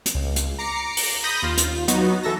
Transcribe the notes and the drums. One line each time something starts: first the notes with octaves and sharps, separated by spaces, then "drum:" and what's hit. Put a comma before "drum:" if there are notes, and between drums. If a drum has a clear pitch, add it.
drum: hi-hat
C#2
drum: hi-hat
A#5 D6 C7 C#7
drum: open hi-hat
B5 D#6 G6 A#6
D#2 F4
drum: hi-hat
F#3 B3 D#4 F#4, drum: hi-hat
E3 A4 E5 A5 A#6